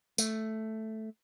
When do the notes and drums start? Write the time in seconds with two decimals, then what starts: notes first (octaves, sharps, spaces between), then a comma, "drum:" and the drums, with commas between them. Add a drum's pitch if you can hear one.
0.18 A3, drum: tambourine